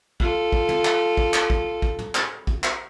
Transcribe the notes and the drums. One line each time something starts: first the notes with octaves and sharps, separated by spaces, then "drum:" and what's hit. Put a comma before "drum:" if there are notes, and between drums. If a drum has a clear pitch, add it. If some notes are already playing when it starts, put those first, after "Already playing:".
F4 A4, drum: kick
drum: kick
drum: tom
drum: clap
drum: kick
drum: clap
drum: kick
drum: kick
drum: tom
drum: clap
drum: kick
drum: clap